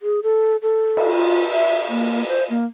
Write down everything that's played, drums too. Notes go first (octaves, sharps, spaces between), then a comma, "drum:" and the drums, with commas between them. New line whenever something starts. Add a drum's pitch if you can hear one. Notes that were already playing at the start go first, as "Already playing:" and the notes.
G#4
A4
A4
drum: cymbal
F4
E5
A#3
C5
A#3